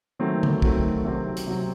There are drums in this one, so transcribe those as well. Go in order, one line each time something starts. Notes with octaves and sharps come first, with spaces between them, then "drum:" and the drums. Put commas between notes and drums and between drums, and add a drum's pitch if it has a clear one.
D#3 F#3 A3 C4
drum: tom D3
D#3 F#3 A3 C4, drum: kick
C3 F#3 C4
drum: hi-hat
C3 F#3 C4